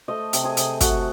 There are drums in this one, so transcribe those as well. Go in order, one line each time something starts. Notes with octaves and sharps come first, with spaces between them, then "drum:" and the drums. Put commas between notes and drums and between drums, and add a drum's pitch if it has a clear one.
A3 C5 D#5
C3, drum: hi-hat
G#4 C5
C3, drum: hi-hat
A3 F#4 A4, drum: kick, hi-hat